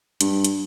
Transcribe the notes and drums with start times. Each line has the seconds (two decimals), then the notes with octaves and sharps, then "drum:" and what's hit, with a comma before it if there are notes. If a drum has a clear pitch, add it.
0.21 G2, drum: hi-hat
0.45 drum: hi-hat